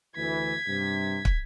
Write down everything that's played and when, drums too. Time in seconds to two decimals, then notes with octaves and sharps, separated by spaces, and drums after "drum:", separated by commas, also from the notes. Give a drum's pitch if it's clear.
0.16 D2 E3 G#6 B6
0.67 G2 C3
1.25 drum: kick